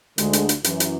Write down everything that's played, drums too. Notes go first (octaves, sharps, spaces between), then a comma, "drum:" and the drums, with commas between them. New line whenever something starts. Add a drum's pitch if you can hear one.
D2 D3 G#3, drum: hi-hat
drum: hi-hat
drum: hi-hat
F#2 E3, drum: hi-hat
drum: hi-hat